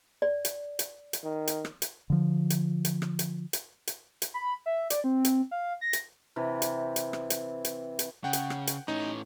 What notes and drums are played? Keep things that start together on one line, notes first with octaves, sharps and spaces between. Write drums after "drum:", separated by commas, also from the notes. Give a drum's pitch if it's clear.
D5
drum: hi-hat
drum: hi-hat
drum: hi-hat
D#3
drum: hi-hat
drum: rim click
drum: hi-hat
D3 F3
drum: hi-hat
drum: hi-hat
drum: rim click
drum: hi-hat
drum: hi-hat
drum: hi-hat
drum: hi-hat
B5
E5
D5, drum: hi-hat
C4
drum: hi-hat
F5
A#6
drum: hi-hat
C3 E3
drum: hi-hat
drum: hi-hat
drum: rim click
drum: hi-hat
drum: hi-hat
drum: hi-hat
C#3 F#5 G5
drum: hi-hat
drum: rim click
drum: hi-hat
A2 C#4 D#4